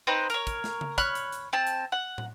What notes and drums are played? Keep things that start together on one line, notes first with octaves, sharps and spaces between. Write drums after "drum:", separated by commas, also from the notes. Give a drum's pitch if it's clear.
C4 D#4 B4
A#4 C#5, drum: hi-hat
drum: kick, hi-hat
drum: snare
drum: tom C#3
C#5 B5 F6 F#6, drum: kick, hi-hat
drum: hi-hat
drum: hi-hat
C4 A5
drum: hi-hat
F#5
drum: tom